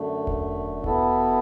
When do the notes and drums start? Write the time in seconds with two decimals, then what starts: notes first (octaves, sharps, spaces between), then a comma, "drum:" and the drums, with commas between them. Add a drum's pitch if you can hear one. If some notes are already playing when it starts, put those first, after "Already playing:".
Already playing: F#2 D3 A3
0.27 drum: kick E1
0.84 B2 B3 E4 A4, drum: kick E1